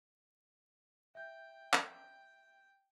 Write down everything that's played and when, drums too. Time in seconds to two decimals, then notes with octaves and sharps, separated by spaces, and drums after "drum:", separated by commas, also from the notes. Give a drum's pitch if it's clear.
1.15 E5 G5 G6
1.73 drum: clap